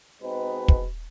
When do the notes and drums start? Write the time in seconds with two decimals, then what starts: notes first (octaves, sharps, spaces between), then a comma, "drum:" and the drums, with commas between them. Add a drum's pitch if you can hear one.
0.21 B2 G#3 C4 D#4 B4
0.68 drum: kick